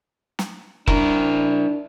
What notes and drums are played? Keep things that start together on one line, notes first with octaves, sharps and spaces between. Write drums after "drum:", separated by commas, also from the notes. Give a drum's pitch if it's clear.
drum: snare
D4 E4 A#4, drum: kick E1